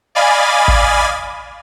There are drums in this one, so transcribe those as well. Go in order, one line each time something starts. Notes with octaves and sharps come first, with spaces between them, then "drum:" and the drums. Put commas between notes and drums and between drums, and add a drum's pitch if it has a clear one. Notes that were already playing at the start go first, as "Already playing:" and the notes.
D5 D#5 F5 G#5 B5 A6
drum: kick